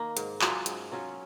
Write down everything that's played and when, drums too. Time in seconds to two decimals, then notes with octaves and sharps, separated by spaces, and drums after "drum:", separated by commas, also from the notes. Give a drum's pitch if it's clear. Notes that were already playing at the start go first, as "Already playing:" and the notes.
Already playing: D#3 A#3 D#4
0.17 G#2, drum: hi-hat
0.41 F#3 C#4 F4, drum: clap
0.66 G#2, drum: hi-hat
0.92 F#3 C#4 F4